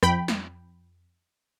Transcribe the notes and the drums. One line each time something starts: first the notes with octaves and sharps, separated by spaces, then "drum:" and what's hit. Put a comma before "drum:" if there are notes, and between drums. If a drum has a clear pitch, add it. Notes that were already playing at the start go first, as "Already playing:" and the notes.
F2 G5 B5, drum: rim click
drum: snare